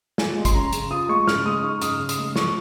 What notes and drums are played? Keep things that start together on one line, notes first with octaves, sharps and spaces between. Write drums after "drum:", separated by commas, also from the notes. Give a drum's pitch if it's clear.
F4 G#5, drum: snare
G#3
C6, drum: kick, hi-hat
C#4 A#5
C#3, drum: hi-hat
F4 D#6
G#3 C#6
C#3 F6, drum: snare
G#3 D#6
D#4 C#6
C#3 D#6, drum: hi-hat
C#3
D#6, drum: hi-hat
G#3
F3 C#6, drum: snare